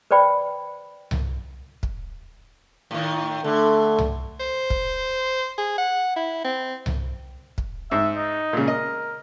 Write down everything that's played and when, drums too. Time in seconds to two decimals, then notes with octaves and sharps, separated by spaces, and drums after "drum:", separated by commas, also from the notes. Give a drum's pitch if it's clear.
0.11 B4 C5 D5 G5 B5
1.11 drum: tom C2
1.83 drum: kick
2.91 A2 D#3
3.44 D3 A3
3.98 drum: tom C2
4.40 C5
4.70 drum: kick
5.58 G#4
5.78 F#5
6.16 E4
6.44 C4
6.86 drum: tom C2
7.58 drum: kick
7.91 G#2 E5
8.16 D#4
8.53 A#2 C#3
8.68 A#4 D#5